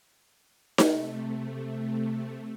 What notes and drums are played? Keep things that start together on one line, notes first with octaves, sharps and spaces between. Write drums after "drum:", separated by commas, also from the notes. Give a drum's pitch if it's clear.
C3 A3, drum: snare D#4